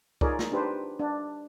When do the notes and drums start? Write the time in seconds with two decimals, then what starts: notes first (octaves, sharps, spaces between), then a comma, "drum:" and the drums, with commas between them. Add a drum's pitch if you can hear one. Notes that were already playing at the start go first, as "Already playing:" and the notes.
0.21 D#4 F4 G#4 A#4 C#5 D5, drum: kick C2
0.39 drum: snare
0.52 D4 D#4 G4 B4 C5
0.99 D4